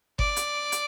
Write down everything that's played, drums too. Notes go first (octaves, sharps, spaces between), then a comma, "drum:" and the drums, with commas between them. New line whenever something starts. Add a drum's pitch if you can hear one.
D5, drum: kick G1
drum: hi-hat
drum: hi-hat